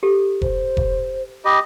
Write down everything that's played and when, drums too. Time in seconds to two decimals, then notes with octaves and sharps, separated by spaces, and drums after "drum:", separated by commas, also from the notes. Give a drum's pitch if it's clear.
0.03 G4 A4
0.42 C5, drum: kick F1
0.77 drum: kick F1
1.45 G4 D#5 B5